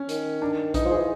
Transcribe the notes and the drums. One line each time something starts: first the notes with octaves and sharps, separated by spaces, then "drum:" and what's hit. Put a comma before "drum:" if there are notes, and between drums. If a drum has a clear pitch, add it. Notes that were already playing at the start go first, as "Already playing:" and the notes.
Already playing: C#4
D#3, drum: hi-hat
D4
E3 D#4, drum: kick A#1, hi-hat
F3
G#4
E3